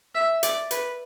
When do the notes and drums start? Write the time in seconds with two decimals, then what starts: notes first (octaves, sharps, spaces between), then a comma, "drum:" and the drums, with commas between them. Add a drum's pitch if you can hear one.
0.15 E5
0.43 D5, drum: hi-hat
0.71 B4, drum: hi-hat